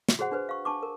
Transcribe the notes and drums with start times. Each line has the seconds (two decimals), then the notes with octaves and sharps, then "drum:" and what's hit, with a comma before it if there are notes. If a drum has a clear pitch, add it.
0.09 drum: snare
0.19 F#4 G#4 C5 F#5
0.32 D4 B4 C5
0.49 F5 C#6
0.65 D4 A5 C#6 D6
0.83 A#4